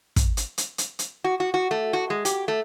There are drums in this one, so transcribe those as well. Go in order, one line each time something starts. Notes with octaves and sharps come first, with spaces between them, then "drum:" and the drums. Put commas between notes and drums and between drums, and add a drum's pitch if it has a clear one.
drum: kick, hi-hat
drum: hi-hat
drum: hi-hat
drum: hi-hat
drum: hi-hat
F#4
F#4
F#4
A3
F#4
G#3
G4, drum: hi-hat
A3